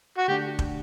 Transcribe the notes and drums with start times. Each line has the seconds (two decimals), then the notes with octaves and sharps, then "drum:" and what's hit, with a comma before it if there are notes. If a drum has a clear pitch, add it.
0.18 F#4
0.28 D3 A3 D4 G4
0.59 drum: kick E1